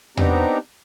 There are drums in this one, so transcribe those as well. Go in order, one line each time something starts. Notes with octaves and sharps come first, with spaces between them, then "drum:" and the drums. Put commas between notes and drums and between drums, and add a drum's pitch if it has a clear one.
B3 C4 D4 D#4 G4 A#5, drum: tom E2